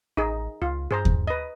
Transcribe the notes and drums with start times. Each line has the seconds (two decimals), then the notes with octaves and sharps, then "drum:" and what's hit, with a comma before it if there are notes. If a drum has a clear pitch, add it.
0.17 A1 D#4 G#4
0.62 C#2 F4
0.91 G2 G#4 C5 A#5
1.05 drum: kick D#2
1.27 B4 D#5